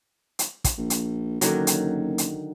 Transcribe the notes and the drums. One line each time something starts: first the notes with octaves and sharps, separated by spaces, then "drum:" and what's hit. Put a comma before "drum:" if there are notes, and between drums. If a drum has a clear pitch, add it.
drum: hi-hat
drum: kick, hi-hat
A#1
drum: hi-hat
F#1 D3 D#3 F#3, drum: hi-hat
drum: hi-hat
drum: hi-hat